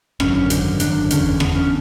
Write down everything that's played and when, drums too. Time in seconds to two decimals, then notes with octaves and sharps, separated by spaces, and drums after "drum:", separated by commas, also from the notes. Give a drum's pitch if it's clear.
0.20 G#1 F#2 D3 C#4, drum: rim click
0.35 C#4
0.50 G#1 F#2 D3, drum: hi-hat
0.80 G#1 F#2 D3 D4, drum: hi-hat
1.11 F#1 E2 D3 C#4, drum: hi-hat
1.40 F#1 E2 D3 B3, drum: rim click
1.55 C#4